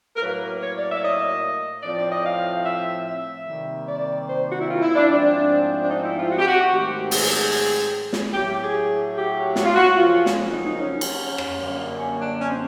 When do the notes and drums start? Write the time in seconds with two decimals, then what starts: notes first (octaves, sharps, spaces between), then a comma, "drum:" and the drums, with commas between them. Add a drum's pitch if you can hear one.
0.16 A#4
0.20 A2 F#3 A#3 B4
0.60 C#5
0.75 D5
0.89 E5
0.97 D5
1.02 D#5
1.83 A2 F3 A3 C4 D5
1.97 D5
2.10 D#5
2.24 F5
2.64 E5
3.05 E5
3.46 C3 D#3 G3 A#3
3.86 D5
4.27 C5
4.48 F#4
4.59 E4
4.68 F4
4.81 E4
4.95 D4
5.08 G#2 F3 A3 C4 D4
5.83 D4
5.90 D#4
6.03 E4
6.17 F4
6.30 F#4
6.39 G4
6.47 F#4
6.71 G#2 D#3 F#3 A3 C4 G4
7.11 G#4, drum: open hi-hat
8.13 drum: snare
8.33 A2 F#3 A3 G4
8.46 G4
8.60 G#4
9.15 G4
9.56 F#4, drum: snare
9.64 F4
9.74 F#4
9.96 F2 C#3 F#3 A#3 F4
10.26 drum: snare
10.50 D#4
10.64 D#4
10.78 C#4
11.01 drum: cymbal
11.38 drum: rim click
11.58 F#2 D3 G3 A#3
11.99 C#4
12.19 D4
12.40 C#4
12.47 C4